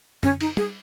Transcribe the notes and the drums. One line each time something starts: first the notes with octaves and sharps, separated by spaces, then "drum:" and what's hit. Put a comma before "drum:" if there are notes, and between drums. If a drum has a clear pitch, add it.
C#4, drum: tom F#2
D#4, drum: cymbal
G#4, drum: tom